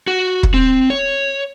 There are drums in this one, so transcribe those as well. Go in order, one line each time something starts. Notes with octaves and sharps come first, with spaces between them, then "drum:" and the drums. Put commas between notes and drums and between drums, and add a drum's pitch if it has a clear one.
F#4
drum: kick
C4
C#5